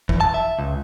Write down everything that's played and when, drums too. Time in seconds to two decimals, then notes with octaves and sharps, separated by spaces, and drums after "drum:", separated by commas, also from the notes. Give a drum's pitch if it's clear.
0.09 E2, drum: kick
0.21 A5
0.34 E5
0.59 C#2